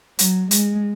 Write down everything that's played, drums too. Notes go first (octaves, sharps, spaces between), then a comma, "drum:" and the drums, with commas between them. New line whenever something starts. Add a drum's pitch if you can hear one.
F#3, drum: hi-hat
G#3, drum: hi-hat